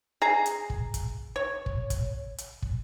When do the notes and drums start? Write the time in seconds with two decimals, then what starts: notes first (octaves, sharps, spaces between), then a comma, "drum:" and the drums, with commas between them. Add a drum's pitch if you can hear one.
0.22 G#4 A#5
0.46 drum: hi-hat
0.70 drum: kick
0.94 drum: kick, hi-hat
1.36 C#5
1.66 drum: kick
1.90 drum: kick, hi-hat
2.38 drum: hi-hat
2.62 drum: kick